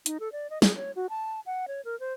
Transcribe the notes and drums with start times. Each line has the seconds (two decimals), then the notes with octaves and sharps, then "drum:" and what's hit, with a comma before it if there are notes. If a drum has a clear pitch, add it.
0.06 D#4, drum: hi-hat
0.20 A4
0.32 D5
0.50 D#5
0.62 G#4, drum: snare
0.76 C#5
0.96 F#4
1.10 A5
1.46 F#5
1.68 C#5
1.85 A#4
2.00 C5